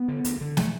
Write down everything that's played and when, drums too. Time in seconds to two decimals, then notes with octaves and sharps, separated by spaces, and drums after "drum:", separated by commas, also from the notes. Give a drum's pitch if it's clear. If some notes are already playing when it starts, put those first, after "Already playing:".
Already playing: B3
0.08 D3
0.25 D2, drum: hi-hat
0.41 D3
0.57 A3, drum: snare